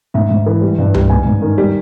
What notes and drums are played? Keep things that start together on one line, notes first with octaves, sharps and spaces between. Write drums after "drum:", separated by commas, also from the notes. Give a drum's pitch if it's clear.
G#2 E5
G#2
E3
G3
G2
G3, drum: tom C2
G#2 G#5
G#2
D#3
G3